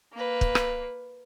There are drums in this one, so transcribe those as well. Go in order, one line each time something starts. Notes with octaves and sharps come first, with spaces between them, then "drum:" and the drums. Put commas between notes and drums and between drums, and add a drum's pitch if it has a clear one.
A#3 B4
drum: kick
drum: rim click